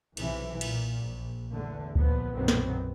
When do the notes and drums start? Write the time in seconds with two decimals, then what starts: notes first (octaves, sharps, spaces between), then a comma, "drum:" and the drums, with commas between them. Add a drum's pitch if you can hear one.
0.17 B1 C3 E3, drum: cymbal
0.61 A#2, drum: cymbal
0.96 A#1
1.53 E2 D3 A3
1.95 C2 A#2 F3 B3, drum: kick D2
2.34 B1 F#2 A#2 D#3 B3 C4
2.48 drum: snare